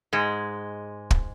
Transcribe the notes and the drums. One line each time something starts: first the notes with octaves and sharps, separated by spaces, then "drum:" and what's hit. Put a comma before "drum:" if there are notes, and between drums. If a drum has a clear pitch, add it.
G#2 G#3
drum: kick